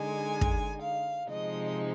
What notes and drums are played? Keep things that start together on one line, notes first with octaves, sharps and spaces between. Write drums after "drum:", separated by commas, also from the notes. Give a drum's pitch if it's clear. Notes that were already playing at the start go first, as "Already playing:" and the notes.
Already playing: D3 G#3 D#4 G#5
drum: kick
F5
C3 F3 G#3 D#4 D#5